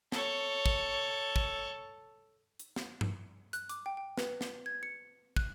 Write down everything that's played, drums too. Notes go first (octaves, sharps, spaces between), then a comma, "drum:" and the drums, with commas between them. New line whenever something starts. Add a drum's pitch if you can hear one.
A4 C#5, drum: snare
drum: kick
drum: kick
drum: hi-hat
drum: snare
drum: tom G2
F#6, drum: hi-hat
D6, drum: hi-hat
G5
G5
B4, drum: snare
drum: snare
G#6
C#7
F#6, drum: kick